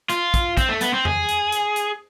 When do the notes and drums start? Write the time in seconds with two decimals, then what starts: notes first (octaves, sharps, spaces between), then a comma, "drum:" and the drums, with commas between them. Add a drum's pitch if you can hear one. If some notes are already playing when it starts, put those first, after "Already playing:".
0.10 F4, drum: hi-hat
0.34 drum: kick, hi-hat
0.57 C4, drum: kick, hi-hat
0.69 A3
0.81 B3, drum: hi-hat
0.94 C4
1.05 G#4, drum: tom F2
1.29 drum: hi-hat
1.52 drum: hi-hat
1.76 drum: hi-hat